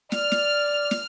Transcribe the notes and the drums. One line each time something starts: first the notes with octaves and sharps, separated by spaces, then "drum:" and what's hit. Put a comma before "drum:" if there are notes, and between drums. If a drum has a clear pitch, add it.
D5 F6, drum: snare
drum: snare
drum: snare